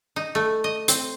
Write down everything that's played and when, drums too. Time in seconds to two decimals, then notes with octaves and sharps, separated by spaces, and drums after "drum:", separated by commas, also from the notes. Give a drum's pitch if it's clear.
0.16 D#4
0.35 A3
0.64 D#5
0.88 C4, drum: hi-hat